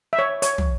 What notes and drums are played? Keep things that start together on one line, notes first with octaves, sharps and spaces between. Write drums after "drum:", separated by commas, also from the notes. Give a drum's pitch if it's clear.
E5
C#5
C#5, drum: hi-hat
drum: tom